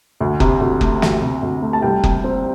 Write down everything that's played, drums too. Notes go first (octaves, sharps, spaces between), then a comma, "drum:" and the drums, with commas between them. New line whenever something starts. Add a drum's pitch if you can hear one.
D2
C3, drum: kick F#1
D2
A3, drum: kick F#1
D2, drum: snare
C3
D2
A3
A5
C2 G5
C3, drum: kick F#1
C4